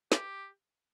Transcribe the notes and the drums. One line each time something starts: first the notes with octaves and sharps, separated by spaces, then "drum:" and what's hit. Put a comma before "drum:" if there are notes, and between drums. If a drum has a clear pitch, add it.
G4, drum: snare